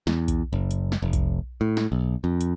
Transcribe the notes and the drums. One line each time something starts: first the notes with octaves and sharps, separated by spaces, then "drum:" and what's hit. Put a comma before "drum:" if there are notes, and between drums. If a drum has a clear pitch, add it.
E2, drum: snare
drum: kick B1, hi-hat
F#1
drum: hi-hat
drum: snare
F1
drum: kick B1, hi-hat
A2
drum: snare
B1
F2
drum: hi-hat